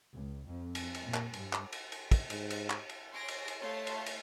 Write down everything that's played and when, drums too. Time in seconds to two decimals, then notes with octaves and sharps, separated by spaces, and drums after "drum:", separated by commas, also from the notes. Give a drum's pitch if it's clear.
0.12 C#2
0.47 F2
0.75 drum: cymbal
0.95 drum: cymbal
1.04 A#2
1.14 drum: clap
1.34 G2, drum: cymbal
1.53 drum: clap
1.73 drum: cymbal
1.92 drum: cymbal
2.11 drum: kick, cymbal
2.30 G#2, drum: cymbal
2.50 drum: cymbal
2.70 drum: clap
2.89 drum: cymbal
3.13 G#4 C#5 C6 A#6 D7
3.28 drum: cymbal
3.48 drum: cymbal
3.60 A3 C#5 F5 A5 C6
3.87 drum: cymbal
4.06 drum: cymbal